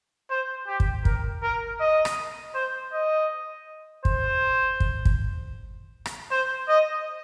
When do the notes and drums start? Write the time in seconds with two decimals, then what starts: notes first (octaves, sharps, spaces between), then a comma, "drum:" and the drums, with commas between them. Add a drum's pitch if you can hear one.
0.30 C5
0.67 G4
0.80 drum: kick
1.05 A#4, drum: kick
1.43 A#4
1.80 D#5
2.05 drum: rim click
2.54 C5
2.93 D#5
4.05 C5, drum: kick
4.80 drum: kick
5.05 drum: kick
6.06 drum: rim click
6.31 C5
6.68 D#5